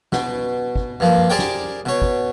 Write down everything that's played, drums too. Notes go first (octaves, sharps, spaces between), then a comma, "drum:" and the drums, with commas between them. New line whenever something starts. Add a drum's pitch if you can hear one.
B2, drum: snare
drum: kick
G2 F3 A#3
drum: tom F#2
G4 G#4 A#4 C5 D5 G5
drum: snare
B2 C#5
drum: kick